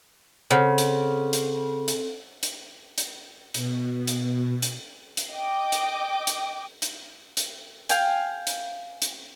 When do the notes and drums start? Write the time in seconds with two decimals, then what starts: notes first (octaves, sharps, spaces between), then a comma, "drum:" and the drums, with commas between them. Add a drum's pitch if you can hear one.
0.51 C#3 C4 A4 C5 C#5 F#5
0.78 drum: hi-hat
1.33 drum: hi-hat
1.88 drum: hi-hat
2.43 drum: hi-hat
2.98 drum: hi-hat
3.54 B2, drum: hi-hat
4.07 drum: hi-hat
4.62 drum: hi-hat
5.17 drum: hi-hat
5.31 D#5 G5 D6
5.72 drum: hi-hat
6.27 drum: hi-hat
6.82 drum: hi-hat
7.37 drum: hi-hat
7.89 F5 G5 G#5, drum: hi-hat
8.47 drum: hi-hat
9.02 drum: hi-hat